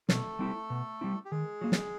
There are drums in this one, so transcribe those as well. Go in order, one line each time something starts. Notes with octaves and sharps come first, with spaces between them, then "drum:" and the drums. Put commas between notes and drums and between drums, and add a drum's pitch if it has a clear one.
B2 A3 A4, drum: snare
G3 C4 E4
B2
G3 C4 E4
G4
D#3 G#3 G#4
F#3 A#3
drum: snare